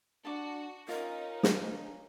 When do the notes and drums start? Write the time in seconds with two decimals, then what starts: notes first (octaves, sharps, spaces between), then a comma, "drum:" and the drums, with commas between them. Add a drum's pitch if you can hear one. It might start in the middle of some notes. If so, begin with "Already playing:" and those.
0.25 D4 F#4 A5 D6
0.88 C#4 D#4 F4 A#4 D#5
1.43 D4, drum: snare